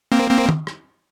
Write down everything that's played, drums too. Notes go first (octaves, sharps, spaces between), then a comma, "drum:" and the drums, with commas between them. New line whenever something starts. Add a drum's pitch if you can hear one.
A#3 C4
A#3 C4
drum: tom
drum: rim click